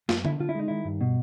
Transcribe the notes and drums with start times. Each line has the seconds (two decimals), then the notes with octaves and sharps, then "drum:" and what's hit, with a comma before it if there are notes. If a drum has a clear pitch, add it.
0.09 F#2 F4, drum: snare A#3
0.25 D3 E4, drum: tom D3
0.40 D3 F4
0.49 E4
0.55 G#3 D#4
0.68 D#3 E4
0.85 G2
1.01 B2